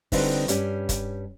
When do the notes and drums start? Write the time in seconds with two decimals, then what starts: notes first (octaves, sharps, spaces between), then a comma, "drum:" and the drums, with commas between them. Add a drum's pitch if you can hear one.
0.12 D3 G3 C4 D#4 E4 B4, drum: kick, open hi-hat
0.48 G2 G3 C#4, drum: hi-hat
0.89 drum: kick, hi-hat